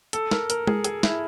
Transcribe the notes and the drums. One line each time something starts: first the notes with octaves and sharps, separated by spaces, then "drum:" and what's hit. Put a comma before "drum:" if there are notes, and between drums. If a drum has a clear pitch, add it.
A4, drum: hi-hat
A#4, drum: snare
A#4, drum: hi-hat
G#4, drum: tom G#3
G#4, drum: hi-hat
E4, drum: snare